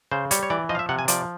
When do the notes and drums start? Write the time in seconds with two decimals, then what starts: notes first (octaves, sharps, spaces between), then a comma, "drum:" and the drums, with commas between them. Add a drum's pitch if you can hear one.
0.11 C#3 C5
0.31 G3 C#5, drum: hi-hat
0.43 C#5
0.50 E3 D5
0.69 F3 D#5
0.75 F5
0.79 E5
0.89 C3 F#5
0.99 G#5
1.08 F3 D5, drum: hi-hat